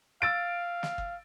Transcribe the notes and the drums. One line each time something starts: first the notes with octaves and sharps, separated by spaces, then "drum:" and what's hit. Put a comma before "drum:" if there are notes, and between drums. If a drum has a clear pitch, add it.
F5 E6 A6 D7
drum: snare
drum: kick